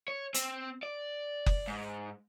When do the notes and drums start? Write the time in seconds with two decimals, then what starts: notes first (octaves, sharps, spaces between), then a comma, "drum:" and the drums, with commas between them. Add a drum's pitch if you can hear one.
0.08 C#5
0.34 C4, drum: hi-hat
0.83 D5
1.46 drum: kick F#1
1.68 G#2